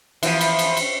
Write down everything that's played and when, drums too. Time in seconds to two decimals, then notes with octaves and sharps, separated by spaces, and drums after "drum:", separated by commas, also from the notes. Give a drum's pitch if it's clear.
0.23 E3 F3 B3, drum: cymbal
0.41 drum: cymbal
0.59 drum: cymbal
0.77 drum: cymbal